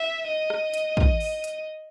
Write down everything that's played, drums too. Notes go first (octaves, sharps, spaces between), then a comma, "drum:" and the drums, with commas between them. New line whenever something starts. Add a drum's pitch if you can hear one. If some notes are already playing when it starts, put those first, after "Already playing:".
Already playing: E5
D#5
drum: rim click
drum: hi-hat
drum: kick
drum: open hi-hat
drum: hi-hat